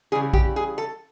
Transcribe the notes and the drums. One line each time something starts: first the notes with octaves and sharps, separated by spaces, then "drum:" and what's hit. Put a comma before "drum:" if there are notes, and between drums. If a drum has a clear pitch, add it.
C#3 E3 G3 G#4
G4, drum: kick
G#4
A4